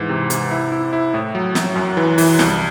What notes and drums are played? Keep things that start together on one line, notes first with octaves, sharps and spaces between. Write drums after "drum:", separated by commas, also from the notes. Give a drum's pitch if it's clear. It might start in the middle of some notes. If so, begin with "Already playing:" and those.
Already playing: G#2 E3
C3
C3, drum: hi-hat
E4
E4
E4
A2
F#3
F#3, drum: snare
F#2
E3
E3, drum: open hi-hat
C2, drum: snare